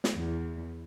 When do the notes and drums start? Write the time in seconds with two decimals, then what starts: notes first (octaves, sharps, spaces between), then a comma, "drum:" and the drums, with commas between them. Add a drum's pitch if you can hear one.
0.04 drum: snare
0.15 E2